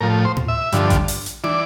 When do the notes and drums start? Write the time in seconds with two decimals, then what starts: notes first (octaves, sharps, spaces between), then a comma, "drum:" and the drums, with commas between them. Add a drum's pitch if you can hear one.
0.01 A2 F3 A#4
0.25 C5
0.37 drum: tom A2
0.48 E5
0.72 G2 D3 F3, drum: hi-hat
0.90 drum: kick A1, hi-hat
1.08 drum: open hi-hat
1.26 drum: hi-hat
1.44 E3 D5, drum: tom